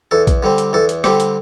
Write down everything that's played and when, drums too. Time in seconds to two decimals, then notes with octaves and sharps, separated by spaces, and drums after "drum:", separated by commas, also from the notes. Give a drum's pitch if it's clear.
0.11 E2 A4
0.27 drum: kick A#1, hi-hat
0.43 D3 G3 C4
0.58 drum: hi-hat
0.73 E2 A4
0.89 drum: hi-hat
1.04 D3 G3 C4 G4, drum: rim click
1.20 drum: hi-hat